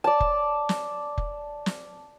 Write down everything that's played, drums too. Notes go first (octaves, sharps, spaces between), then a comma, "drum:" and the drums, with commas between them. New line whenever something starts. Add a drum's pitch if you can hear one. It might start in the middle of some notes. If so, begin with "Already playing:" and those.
D5 A5
drum: kick F1
drum: snare
drum: kick F1
drum: snare